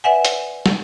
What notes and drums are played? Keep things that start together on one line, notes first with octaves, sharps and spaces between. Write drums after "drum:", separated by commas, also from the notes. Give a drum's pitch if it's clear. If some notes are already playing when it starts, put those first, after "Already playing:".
B4 D5 E5 F#5 G#5
drum: hi-hat
drum: snare